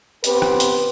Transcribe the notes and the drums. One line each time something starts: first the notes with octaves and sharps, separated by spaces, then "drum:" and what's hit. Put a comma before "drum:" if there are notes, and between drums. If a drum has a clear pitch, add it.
B3 C4 G4 B4, drum: hi-hat
drum: rim click
drum: hi-hat